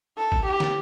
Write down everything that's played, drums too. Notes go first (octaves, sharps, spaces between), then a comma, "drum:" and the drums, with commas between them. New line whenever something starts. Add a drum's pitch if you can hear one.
A4
drum: kick
G4
drum: snare